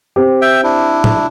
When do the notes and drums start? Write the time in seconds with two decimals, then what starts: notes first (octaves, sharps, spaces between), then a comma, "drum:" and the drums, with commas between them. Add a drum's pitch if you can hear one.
0.16 C4 G4
0.42 E5 G5
0.64 D4 E4
1.04 drum: tom A2